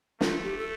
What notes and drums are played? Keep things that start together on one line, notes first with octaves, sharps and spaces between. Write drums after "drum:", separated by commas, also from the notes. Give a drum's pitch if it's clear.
A3 F4, drum: snare
G4
A4